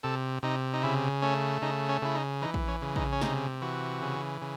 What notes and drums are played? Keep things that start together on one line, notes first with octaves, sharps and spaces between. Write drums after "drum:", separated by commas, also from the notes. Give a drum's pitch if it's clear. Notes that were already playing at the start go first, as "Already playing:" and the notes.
C3 A4
C3 D#4
D#4
C#3 E4
A3 C#4
C#3 D#4
C#4
C#3 E4
D#4
E3 D#4
drum: kick A#1
C#4
C#3
D#4, drum: kick A#1
C#4
C3 D#4, drum: snare
E3 F#4
C#3
C#3